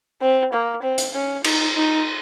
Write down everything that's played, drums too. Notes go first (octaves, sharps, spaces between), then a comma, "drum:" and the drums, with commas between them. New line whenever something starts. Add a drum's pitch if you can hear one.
C4
A#3
C4
drum: hi-hat
C#4
D#4, drum: cymbal
D#4